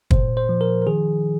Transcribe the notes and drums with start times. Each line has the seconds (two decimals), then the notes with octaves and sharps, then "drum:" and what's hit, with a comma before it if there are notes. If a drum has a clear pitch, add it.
0.11 A#2 C5, drum: kick
0.37 C5
0.49 F3
0.61 A#4
0.82 A#4
0.87 D#3 G#4